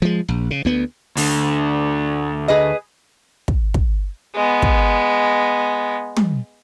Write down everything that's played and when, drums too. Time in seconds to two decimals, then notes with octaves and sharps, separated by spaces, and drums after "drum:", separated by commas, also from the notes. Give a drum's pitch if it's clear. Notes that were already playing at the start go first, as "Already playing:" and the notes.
0.02 F3 G#3
0.28 A#1
0.51 C#3
0.65 D2 B3
1.17 D2 D3, drum: open hi-hat
2.48 G#4 B4 D#5
3.48 drum: kick
3.74 drum: kick
4.35 G#3 B3
4.62 drum: kick
6.16 drum: tom